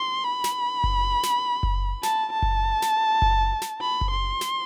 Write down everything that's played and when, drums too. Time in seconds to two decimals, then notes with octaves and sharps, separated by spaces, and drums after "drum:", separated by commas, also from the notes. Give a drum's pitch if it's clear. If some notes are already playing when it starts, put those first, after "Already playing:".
Already playing: C6
0.24 B5
0.44 drum: snare
0.84 drum: kick F#1
1.23 drum: snare
1.63 drum: kick F#1
2.03 A5, drum: snare
2.33 A5
2.42 drum: kick F#1
2.82 drum: snare
3.22 drum: kick F#1
3.62 drum: snare
3.81 B5
4.01 drum: kick F#1
4.11 C6
4.41 drum: snare